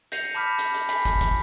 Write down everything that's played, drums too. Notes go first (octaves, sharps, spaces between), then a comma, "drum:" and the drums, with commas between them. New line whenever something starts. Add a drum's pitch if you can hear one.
G6 A#6 C7 C#7 D#7 F7, drum: hi-hat
A5 B5 D6 F6 G6 B6
drum: hi-hat
drum: hi-hat
G#5 B5 B6 C7, drum: hi-hat
drum: kick, hi-hat
drum: kick, hi-hat